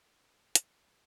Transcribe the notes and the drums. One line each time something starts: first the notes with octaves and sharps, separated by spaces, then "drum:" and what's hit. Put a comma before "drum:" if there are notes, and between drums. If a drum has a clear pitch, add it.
C4
B5 D6 E6, drum: hi-hat